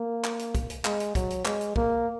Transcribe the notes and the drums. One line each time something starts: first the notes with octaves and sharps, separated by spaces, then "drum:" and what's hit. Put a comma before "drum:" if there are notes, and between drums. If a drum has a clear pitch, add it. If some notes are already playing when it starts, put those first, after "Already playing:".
Already playing: A#3
drum: clap
drum: hi-hat
drum: kick, hi-hat
drum: hi-hat
G#3, drum: clap
drum: hi-hat
F#3, drum: kick, hi-hat
drum: hi-hat
G#3, drum: clap
drum: hi-hat
A#3, drum: kick